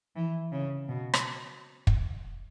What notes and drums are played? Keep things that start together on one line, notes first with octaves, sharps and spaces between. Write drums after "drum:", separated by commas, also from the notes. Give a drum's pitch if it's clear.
E3
C#3
B2
drum: rim click
drum: kick